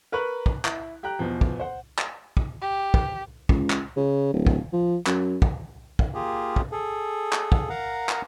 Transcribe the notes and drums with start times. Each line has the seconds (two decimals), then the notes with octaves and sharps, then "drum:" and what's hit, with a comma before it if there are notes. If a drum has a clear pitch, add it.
0.12 A#4 B4 A#5 C#6 F#6
0.46 drum: kick
0.65 E4, drum: clap
1.03 G4 G5 A#5 F#6
1.19 E2 B2 F3
1.41 drum: kick
1.60 C5 F#5
1.99 drum: clap
2.37 drum: kick
2.61 G4
2.94 drum: kick
3.49 C#2, drum: kick
3.70 drum: clap
3.97 C#3
4.33 D1
4.47 drum: kick
4.73 F3
5.06 F#2, drum: clap
5.42 drum: kick
5.99 drum: kick
6.14 A#3 F4 G4 G#4
6.56 drum: kick
6.72 G#4 A4
7.33 drum: clap
7.52 drum: kick
7.69 A#4 F5 F#5 A#5
8.09 drum: clap